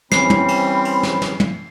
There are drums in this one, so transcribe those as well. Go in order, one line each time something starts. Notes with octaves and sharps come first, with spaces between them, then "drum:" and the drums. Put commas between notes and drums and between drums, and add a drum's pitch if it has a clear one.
E3 G3 C4 C#4 B5 C7, drum: snare
drum: tom
drum: cymbal
drum: cymbal
drum: snare
drum: snare
drum: tom